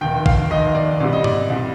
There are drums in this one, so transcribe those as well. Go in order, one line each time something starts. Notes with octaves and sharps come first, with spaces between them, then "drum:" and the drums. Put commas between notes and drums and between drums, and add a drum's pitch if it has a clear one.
F1 D#2 D#3 G5
F5, drum: kick
F1 D#2 D#3 D#5
D5
C2 C3 G3 D5
D#5
D5, drum: tom G#2
C2 C3 G3